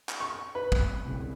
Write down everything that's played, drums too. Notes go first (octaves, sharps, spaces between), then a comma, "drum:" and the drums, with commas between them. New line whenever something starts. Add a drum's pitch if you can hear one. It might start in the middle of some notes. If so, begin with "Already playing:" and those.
drum: clap
C#6
B4
drum: kick
C2 C#3